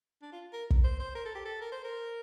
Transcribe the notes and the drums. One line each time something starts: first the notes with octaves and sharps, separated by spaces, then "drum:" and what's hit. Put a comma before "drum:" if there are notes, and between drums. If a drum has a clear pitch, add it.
D4
F4
A#4
drum: kick
C5
C5
A#4
A4
G4
A4
A#4
C5
A#4